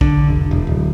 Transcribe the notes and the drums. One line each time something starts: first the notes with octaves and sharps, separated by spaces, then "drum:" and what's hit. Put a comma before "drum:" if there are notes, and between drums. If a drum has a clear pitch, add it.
D3, drum: kick
F1
E1
D1